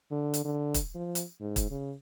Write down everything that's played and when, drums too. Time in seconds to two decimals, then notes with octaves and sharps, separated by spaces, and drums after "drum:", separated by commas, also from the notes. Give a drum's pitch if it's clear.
0.11 D3
0.34 drum: hi-hat
0.45 D3
0.74 drum: kick, hi-hat
0.95 F3
1.15 drum: hi-hat
1.41 G#2
1.56 drum: kick, hi-hat
1.71 C#3